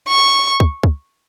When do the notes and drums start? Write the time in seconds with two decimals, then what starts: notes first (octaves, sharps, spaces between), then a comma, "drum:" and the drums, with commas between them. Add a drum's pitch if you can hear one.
0.09 C#6
0.60 drum: kick
0.83 drum: kick